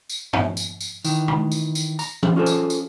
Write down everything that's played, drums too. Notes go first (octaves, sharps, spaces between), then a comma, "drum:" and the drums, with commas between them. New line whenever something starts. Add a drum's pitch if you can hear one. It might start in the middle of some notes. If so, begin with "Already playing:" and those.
drum: tambourine
drum: tom
drum: tambourine
drum: tambourine
D#3 E3, drum: tambourine
drum: tom C3
drum: tambourine
drum: tambourine
A#5, drum: tambourine
drum: tom E3
C#4 F4 G#4 A4 C5
drum: tambourine
drum: tambourine